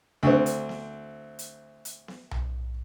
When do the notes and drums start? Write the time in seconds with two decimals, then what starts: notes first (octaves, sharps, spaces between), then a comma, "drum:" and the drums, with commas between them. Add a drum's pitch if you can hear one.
0.23 D2 C4
0.46 drum: hi-hat
0.69 drum: snare B3
1.39 drum: hi-hat
1.85 drum: hi-hat
2.08 drum: snare B3
2.31 drum: tom B1